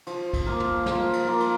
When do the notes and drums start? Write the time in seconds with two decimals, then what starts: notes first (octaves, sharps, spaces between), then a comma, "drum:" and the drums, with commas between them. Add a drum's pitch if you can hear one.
0.07 F3, drum: cymbal
0.34 drum: kick B1, cymbal
0.46 A#3 F4 A#4
0.60 drum: tom
0.86 F3, drum: snare
1.13 drum: cymbal
1.26 A#3 F4 A#4
1.40 drum: cymbal